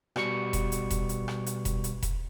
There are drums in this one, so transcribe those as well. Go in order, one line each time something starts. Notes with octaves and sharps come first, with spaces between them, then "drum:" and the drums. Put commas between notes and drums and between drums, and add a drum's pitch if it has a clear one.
B2 G3 C#6 C#7, drum: rim click
drum: kick E1, hi-hat
drum: hi-hat
drum: kick E1, hi-hat
drum: hi-hat
drum: rim click
drum: hi-hat
drum: kick E1, hi-hat
drum: hi-hat
drum: kick E1, hi-hat